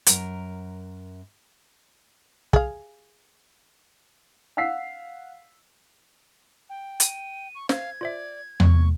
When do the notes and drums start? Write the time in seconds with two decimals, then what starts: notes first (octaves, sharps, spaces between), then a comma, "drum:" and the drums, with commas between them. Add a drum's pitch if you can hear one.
0.06 F#2 A#4, drum: hi-hat
2.53 G#4 F5, drum: kick
4.57 F5 F#5 E6 B6 C7
6.70 G5
7.00 D#7, drum: hi-hat
7.55 C#6
7.69 C5 F5 G#6, drum: snare
8.01 F4 C5 D5 E5
8.60 C#6, drum: tom E2